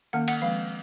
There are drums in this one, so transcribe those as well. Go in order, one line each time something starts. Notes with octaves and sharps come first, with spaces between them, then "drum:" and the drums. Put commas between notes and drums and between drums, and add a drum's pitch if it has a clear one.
D#3 A#3 C#4 F#5
F#5, drum: cymbal
F3 G#3 C4 F5